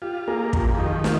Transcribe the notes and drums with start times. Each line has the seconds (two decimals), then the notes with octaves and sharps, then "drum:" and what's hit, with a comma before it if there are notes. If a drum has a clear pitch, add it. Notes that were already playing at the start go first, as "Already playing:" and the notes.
0.02 F4 G4
0.28 A#3 G#4
0.53 F2 G4, drum: kick
0.67 F4
0.78 D#3 G4
1.04 F4, drum: snare